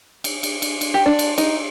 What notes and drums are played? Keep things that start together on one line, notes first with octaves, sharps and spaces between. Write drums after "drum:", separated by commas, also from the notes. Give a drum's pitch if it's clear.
drum: cymbal
drum: cymbal
drum: cymbal
drum: cymbal
G4
D4
drum: cymbal
D#4, drum: cymbal